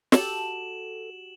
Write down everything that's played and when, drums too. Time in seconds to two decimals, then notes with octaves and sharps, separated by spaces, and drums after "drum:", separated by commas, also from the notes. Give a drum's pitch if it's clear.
0.12 F#4 G4 A4 E7 F#7, drum: snare